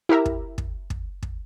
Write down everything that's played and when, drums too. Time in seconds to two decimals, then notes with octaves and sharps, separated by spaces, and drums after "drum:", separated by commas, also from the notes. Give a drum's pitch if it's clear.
0.09 E4 G4 A#4 E5 A#5
0.25 drum: kick
0.58 drum: kick
0.90 drum: kick
1.23 drum: kick